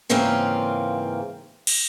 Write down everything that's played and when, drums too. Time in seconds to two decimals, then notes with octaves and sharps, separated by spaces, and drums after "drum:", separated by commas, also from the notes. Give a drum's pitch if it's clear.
0.09 G#2 C#3 E3 A#3 C4 F4
1.67 drum: cymbal